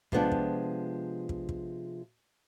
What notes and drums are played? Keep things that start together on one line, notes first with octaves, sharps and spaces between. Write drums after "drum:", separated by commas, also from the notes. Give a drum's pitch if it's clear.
C3 F3 G#3 B3 D4 F4, drum: kick
drum: kick
drum: kick
drum: kick